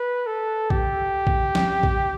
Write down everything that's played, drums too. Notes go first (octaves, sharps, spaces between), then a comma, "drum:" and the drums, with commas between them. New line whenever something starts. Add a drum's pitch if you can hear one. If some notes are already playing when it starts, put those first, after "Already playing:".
Already playing: B4
A4
G4, drum: kick
drum: kick
drum: snare
drum: kick